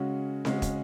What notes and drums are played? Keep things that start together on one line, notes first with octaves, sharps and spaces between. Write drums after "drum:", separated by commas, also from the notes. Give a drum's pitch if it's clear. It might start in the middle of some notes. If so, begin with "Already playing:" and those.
Already playing: C#3 G#3 C#4 F#4
C#3 G#3 C#4 F#4, drum: snare C4
drum: kick, hi-hat